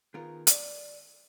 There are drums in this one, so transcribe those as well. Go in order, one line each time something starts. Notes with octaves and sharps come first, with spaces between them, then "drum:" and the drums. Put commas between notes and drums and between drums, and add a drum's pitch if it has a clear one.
D#3 B3 F4 G#4 A#4
D5, drum: hi-hat